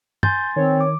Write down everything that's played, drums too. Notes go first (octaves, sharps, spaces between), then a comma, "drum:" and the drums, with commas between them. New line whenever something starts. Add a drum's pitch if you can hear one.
G#5 C6 G6 A6, drum: tom
D#3 C4 C#5
D6